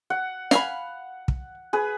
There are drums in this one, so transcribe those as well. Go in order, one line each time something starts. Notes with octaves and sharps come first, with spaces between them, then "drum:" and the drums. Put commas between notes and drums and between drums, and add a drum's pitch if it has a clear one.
F#5
F5 G#5 B5, drum: snare
drum: kick
G#4 B4